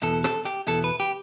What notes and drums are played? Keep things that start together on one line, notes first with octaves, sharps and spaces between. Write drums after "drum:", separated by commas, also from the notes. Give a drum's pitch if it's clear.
E2 B2 B3 E4 A4, drum: hi-hat
A4, drum: rim click
G4, drum: hi-hat
E2 B2 B3 E4 A4, drum: hi-hat
B4
G4